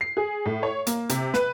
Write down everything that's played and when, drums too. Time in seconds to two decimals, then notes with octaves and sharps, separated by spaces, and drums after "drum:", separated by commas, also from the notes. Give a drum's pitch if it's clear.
0.01 C7
0.17 G#4
0.46 A2
0.63 C#5
0.87 A#3, drum: hi-hat
1.09 C3, drum: hi-hat
1.34 B4, drum: snare